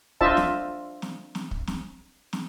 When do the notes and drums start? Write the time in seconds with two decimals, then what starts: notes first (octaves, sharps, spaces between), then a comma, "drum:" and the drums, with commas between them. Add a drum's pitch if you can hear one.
0.21 D4 F4 C5 D#5 E5 A5, drum: kick
0.37 drum: snare
1.02 drum: snare
1.35 drum: snare
1.51 drum: kick
1.67 drum: snare
2.33 drum: snare